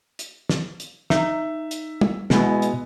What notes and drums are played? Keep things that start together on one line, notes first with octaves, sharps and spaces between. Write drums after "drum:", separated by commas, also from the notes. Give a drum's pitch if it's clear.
drum: hi-hat
drum: snare
drum: hi-hat
D#4 E5, drum: snare
drum: hi-hat
drum: tom
B2 G#3 B3 E4, drum: snare
drum: hi-hat